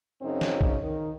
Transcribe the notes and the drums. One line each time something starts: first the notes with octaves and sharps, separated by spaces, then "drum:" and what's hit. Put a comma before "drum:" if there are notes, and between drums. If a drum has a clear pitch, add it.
F#2 C#3 C4 C#4 D#4
drum: snare
drum: kick
D#3